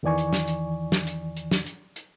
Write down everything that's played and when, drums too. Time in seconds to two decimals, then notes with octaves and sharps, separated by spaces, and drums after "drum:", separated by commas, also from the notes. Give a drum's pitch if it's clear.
0.03 E2 D#3 E3 D5 G#5 C#6
0.18 drum: hi-hat
0.33 drum: snare
0.47 drum: hi-hat
0.92 drum: snare
1.07 drum: hi-hat
1.37 drum: hi-hat
1.51 drum: snare
1.66 drum: hi-hat
1.96 drum: hi-hat